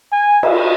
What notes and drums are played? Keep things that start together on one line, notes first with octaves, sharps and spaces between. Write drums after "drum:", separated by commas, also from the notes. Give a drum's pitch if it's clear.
G#5
drum: cymbal